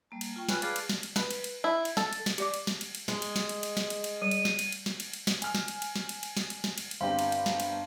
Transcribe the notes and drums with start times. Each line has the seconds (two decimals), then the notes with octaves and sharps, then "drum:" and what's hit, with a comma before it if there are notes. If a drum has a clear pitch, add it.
0.11 G3 A#3 A5
0.21 drum: cymbal
0.36 F4 G5 C#6
0.49 C#4 B4, drum: snare
0.62 G#4 B4 D5 F5 A5, drum: cymbal
0.76 drum: cymbal
0.90 drum: snare
1.03 drum: cymbal
1.16 B4, drum: snare
1.31 drum: cymbal
1.44 drum: cymbal
1.64 E4
1.85 drum: cymbal
1.97 A4, drum: snare
2.13 drum: cymbal
2.26 drum: snare
2.38 G4 D5 D6, drum: cymbal
2.54 drum: cymbal
2.67 drum: snare
2.81 drum: cymbal
2.95 drum: cymbal
3.08 G#3, drum: snare
3.22 drum: cymbal
3.36 drum: snare
3.49 drum: cymbal
3.63 drum: cymbal
3.77 drum: snare
3.90 drum: cymbal
4.04 drum: cymbal
4.22 G3 D#7
4.31 drum: cymbal
4.45 drum: snare
4.59 drum: cymbal
4.72 drum: cymbal
4.86 drum: snare
5.00 drum: cymbal
5.13 drum: cymbal
5.27 drum: snare
5.42 G#5 F6, drum: cymbal
5.55 drum: snare
5.68 drum: cymbal
5.82 drum: cymbal
5.96 drum: snare
6.09 drum: cymbal
6.23 drum: cymbal
6.37 drum: snare
6.50 drum: cymbal
6.64 drum: snare
6.78 drum: cymbal
6.91 drum: cymbal
7.01 G1 C4 G4 F5
7.19 drum: cymbal
7.32 drum: cymbal
7.46 drum: snare
7.60 drum: cymbal